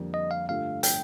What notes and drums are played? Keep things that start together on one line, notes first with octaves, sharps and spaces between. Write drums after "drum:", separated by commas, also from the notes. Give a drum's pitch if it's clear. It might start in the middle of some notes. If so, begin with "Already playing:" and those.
Already playing: F2 D3 G3 A#3
D#5
F5
G2 D3 F3 A3 F5
G5, drum: hi-hat